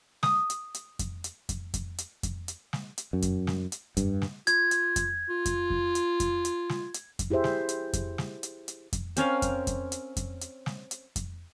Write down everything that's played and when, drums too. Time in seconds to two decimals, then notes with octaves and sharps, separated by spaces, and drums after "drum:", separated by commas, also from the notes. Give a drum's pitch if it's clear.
0.23 D#6, drum: snare
0.50 drum: hi-hat
0.74 drum: hi-hat
0.99 drum: kick F2, hi-hat
1.24 drum: hi-hat
1.49 drum: kick F2, hi-hat
1.74 drum: kick F2, hi-hat
1.98 drum: hi-hat
2.23 drum: kick F2, hi-hat
2.48 drum: hi-hat
2.73 drum: snare
2.98 drum: hi-hat
3.13 F#2
3.22 drum: kick F2, hi-hat
3.47 drum: snare
3.72 drum: hi-hat
3.97 G2, drum: kick F2, hi-hat
4.22 drum: snare
4.47 F4 G#6, drum: hi-hat
4.71 drum: hi-hat
4.96 drum: kick F2, hi-hat
5.29 F4
5.46 drum: kick F2, hi-hat
5.70 drum: kick F2
5.95 drum: hi-hat
6.20 drum: kick F2, hi-hat
6.45 drum: hi-hat
6.69 drum: snare
6.94 drum: hi-hat
7.19 drum: kick F2, hi-hat
7.30 E4 G4 G#4 C5 E5
7.44 drum: snare
7.69 drum: hi-hat
7.93 drum: kick F2, hi-hat
8.18 drum: snare
8.43 drum: hi-hat
8.68 drum: hi-hat
8.93 drum: kick F2, hi-hat
9.17 C4 C#4 A#4 F5, drum: hi-hat
9.42 drum: kick F2, hi-hat
9.67 drum: kick F2, hi-hat
9.92 drum: hi-hat
10.17 drum: kick F2, hi-hat
10.41 drum: hi-hat
10.66 drum: snare
10.91 drum: hi-hat
11.16 drum: kick F2, hi-hat